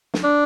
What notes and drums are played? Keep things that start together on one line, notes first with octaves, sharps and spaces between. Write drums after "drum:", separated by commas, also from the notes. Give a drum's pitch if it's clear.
drum: snare
D4